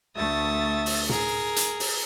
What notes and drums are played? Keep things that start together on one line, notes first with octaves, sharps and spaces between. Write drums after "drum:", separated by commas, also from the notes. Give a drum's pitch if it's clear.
D2 A3 E5 D#6 A6
drum: open hi-hat
G#4 A#4, drum: tom
drum: hi-hat
drum: open hi-hat